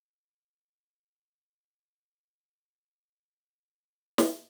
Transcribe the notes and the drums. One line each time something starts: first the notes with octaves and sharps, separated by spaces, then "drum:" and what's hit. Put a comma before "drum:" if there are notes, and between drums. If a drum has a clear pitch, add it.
G#1 D#2 G3 F4 G#4 A#4 F5
B2 D#3 F#5 A#5
D3 F#3 D#5 A#5 C6 E6 F6
C#2 A#3 D5 F6 B6
drum: snare